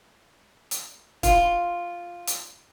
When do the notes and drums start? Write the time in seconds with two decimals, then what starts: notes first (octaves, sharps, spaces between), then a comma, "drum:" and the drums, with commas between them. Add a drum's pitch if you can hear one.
0.71 drum: hi-hat
1.23 F4, drum: kick, hi-hat
2.27 drum: hi-hat